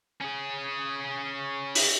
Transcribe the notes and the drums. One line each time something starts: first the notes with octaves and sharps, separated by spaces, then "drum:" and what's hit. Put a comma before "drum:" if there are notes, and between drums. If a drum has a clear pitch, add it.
C#4 G#4
drum: open hi-hat